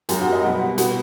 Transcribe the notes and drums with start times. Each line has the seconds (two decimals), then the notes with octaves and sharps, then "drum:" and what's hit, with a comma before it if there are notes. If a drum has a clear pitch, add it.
0.09 F#2 F#3 G4, drum: hi-hat
0.21 F#4
0.33 D#5
0.43 B2 G3 F#5
0.61 F#5
0.78 B2 G3 F#5, drum: hi-hat